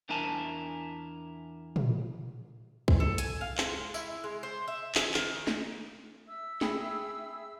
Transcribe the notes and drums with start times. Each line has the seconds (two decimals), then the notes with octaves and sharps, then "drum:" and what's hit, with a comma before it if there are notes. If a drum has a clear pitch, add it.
0.09 E2 D4 E4 A#4 G#5 A5
1.76 drum: tom
2.88 drum: kick B1
3.00 A4
3.18 G#5, drum: hi-hat
3.41 F5
3.58 G#3, drum: clap
3.94 E4, drum: tambourine
4.24 G#3
4.43 C5
4.68 E5
4.95 G#4, drum: clap
5.14 D#3, drum: clap
5.47 drum: snare
6.28 E5 E6
6.61 G#4 G5 B5, drum: snare